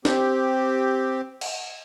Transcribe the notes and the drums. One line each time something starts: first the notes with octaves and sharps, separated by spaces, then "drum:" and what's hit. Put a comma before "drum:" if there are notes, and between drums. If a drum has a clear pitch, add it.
C4 G4, drum: snare
drum: cymbal